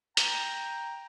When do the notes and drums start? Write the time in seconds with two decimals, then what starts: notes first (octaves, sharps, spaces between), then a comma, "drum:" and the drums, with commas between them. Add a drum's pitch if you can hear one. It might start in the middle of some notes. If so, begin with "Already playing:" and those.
0.17 G5 A#5, drum: hi-hat